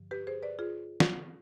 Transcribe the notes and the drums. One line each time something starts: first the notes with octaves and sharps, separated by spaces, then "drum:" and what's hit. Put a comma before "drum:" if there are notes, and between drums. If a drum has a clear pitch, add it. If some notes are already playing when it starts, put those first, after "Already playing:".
Already playing: G2 D3 F3
G4 B4
G#4 C5
B4 D5
F4 G#4
drum: snare